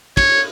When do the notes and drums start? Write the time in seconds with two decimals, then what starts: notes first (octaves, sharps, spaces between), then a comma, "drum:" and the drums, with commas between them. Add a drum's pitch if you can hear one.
0.17 C#5, drum: kick, cymbal